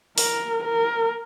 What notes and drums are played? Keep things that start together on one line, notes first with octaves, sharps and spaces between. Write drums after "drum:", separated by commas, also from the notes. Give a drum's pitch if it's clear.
A#4, drum: open hi-hat
A#4